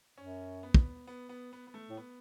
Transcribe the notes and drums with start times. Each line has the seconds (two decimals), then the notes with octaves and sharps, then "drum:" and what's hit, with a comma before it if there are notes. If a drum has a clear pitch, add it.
0.18 F#2 C#4
0.63 B3
0.74 drum: kick
1.07 B3
1.29 B3
1.53 B3
1.67 B3
1.74 A3
1.90 A2
1.97 B3